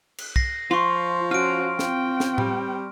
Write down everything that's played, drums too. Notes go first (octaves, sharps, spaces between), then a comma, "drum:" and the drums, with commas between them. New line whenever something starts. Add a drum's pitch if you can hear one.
drum: cymbal
A#6 C7, drum: kick
F3 F4 C6 C#6
C#4 F4 F#4 F6 D7
C4 G5, drum: snare
drum: snare
G3, drum: tom A2